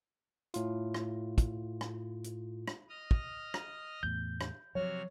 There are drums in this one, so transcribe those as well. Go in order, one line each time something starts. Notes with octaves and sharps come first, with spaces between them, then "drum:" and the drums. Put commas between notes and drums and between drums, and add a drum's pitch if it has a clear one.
A2 F4, drum: hi-hat
drum: rim click
drum: kick, hi-hat
drum: rim click
drum: hi-hat
drum: rim click
D#5 D#6 F6
drum: kick
drum: rim click
E2 A2 G6
drum: rim click
C3 F3 F#3 F#4 C#5 F6